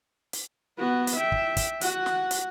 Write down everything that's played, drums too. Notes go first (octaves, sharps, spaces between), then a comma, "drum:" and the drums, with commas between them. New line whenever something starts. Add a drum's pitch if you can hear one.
drum: hi-hat
B3 F#4
drum: hi-hat
E5 G5
drum: kick
drum: kick, hi-hat
F#4 F#5, drum: hi-hat
drum: snare
drum: hi-hat